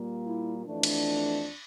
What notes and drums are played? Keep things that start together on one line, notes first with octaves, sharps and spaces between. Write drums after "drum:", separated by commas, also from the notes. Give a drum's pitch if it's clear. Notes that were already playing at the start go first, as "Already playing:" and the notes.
Already playing: A#2 G3 A#3
E4
F2 E3 A3 D4
drum: cymbal